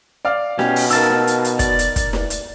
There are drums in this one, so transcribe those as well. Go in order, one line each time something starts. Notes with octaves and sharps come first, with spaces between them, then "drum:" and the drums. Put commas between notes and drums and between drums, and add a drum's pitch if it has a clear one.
D5 F5 F6
B2 C#4 G4, drum: snare
drum: open hi-hat
D#4 A#4 F5 A5 E6, drum: hi-hat
drum: snare
drum: hi-hat
drum: hi-hat
D5, drum: kick, hi-hat
drum: hi-hat
drum: kick, hi-hat
drum: snare
drum: hi-hat